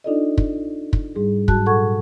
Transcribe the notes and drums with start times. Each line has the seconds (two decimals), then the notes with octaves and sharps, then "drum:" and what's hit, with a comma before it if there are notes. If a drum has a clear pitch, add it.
0.04 D4 D#4 F4 A4 D5 D#5
0.38 drum: kick
0.93 drum: kick
1.16 G#2 G3 G#4
1.48 G#2 F#3 F#4 A5 F#6, drum: kick
1.66 A#2 A4 F#5 C#6 G#6